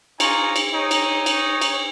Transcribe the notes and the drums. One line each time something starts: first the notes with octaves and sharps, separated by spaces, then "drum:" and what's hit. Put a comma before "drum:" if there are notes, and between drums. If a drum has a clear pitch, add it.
D#4 F4 G#5 A#5 C#6, drum: cymbal
drum: cymbal
D#4 C#5
drum: cymbal
drum: cymbal
drum: cymbal